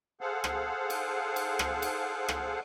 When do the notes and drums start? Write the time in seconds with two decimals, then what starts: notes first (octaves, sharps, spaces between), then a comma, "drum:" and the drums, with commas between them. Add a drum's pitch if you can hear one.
0.21 G#4 A4 C5 F5 F#5
0.44 drum: rim click
0.90 drum: cymbal
1.36 drum: cymbal
1.59 drum: rim click
1.82 drum: cymbal
2.28 drum: rim click